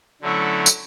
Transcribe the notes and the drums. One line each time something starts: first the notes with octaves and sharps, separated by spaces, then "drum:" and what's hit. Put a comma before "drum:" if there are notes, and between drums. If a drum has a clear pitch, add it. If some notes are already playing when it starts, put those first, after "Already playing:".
D3 F#3 A3 C#4 E4
drum: tambourine